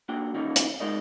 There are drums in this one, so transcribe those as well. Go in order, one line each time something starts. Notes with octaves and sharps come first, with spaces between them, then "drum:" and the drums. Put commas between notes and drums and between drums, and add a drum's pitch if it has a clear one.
A#3 D4 F#4 G5
D#3 E3 A#3 C#4 D#4
drum: hi-hat
G#3 D#4 A#4 D5 D#5